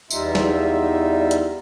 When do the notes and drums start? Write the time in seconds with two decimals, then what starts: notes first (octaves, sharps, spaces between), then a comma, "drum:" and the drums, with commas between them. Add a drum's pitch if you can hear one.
0.11 E2 G3 D#4 F4 E5, drum: tambourine
0.35 drum: snare
1.31 drum: hi-hat